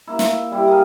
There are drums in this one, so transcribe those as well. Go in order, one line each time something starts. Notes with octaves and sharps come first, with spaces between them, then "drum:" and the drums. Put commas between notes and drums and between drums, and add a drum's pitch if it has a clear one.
A#3 E4
drum: snare
G3 E4 G4
A#3 G#4 F5